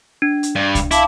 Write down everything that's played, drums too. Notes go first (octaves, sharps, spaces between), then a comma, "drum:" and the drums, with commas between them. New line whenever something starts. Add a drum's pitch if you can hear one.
D4
drum: hi-hat
G2
drum: kick C2, hi-hat
E4 F5 A5 D6, drum: hi-hat